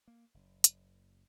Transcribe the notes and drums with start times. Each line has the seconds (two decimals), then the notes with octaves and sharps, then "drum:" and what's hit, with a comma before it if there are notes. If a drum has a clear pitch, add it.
0.08 A#3
0.34 F#1
0.64 drum: hi-hat